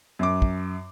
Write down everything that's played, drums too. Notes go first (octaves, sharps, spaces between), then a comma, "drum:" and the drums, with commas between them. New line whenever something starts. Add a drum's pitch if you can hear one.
F#2 D6
drum: kick